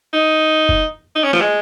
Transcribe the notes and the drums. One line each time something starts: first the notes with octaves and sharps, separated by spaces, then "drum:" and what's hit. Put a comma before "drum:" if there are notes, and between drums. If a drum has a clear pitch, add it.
D#4
drum: kick F1
D#4
C#4
F3, drum: snare
G#3